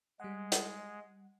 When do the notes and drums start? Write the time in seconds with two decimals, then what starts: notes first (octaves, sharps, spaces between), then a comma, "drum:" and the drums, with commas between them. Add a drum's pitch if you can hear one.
0.20 G3 G#3 F#5
0.52 drum: hi-hat